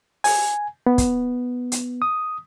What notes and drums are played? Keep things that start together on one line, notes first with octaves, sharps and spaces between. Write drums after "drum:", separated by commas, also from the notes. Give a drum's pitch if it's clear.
G#5, drum: open hi-hat
B3
drum: kick, hi-hat
drum: hi-hat
D#6